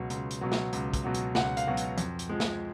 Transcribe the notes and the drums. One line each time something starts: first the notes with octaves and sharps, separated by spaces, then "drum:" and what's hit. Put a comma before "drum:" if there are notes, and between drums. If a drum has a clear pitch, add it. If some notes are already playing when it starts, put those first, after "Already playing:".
Already playing: C#2 B2 F#3
C#2, drum: hi-hat
drum: hi-hat
B2 F#3
drum: snare
C#2, drum: hi-hat
drum: kick, hi-hat
B2 F#3
drum: hi-hat
C#2 F#5, drum: snare
F5, drum: hi-hat
B2 F#3
drum: hi-hat
F2, drum: hi-hat
drum: hi-hat
F3 G#3
drum: snare